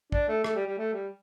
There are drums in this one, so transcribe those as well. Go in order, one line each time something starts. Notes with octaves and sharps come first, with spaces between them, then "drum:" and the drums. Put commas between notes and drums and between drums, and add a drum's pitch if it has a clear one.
D4, drum: kick
A3
A3, drum: rim click
G3
G3
A3
G3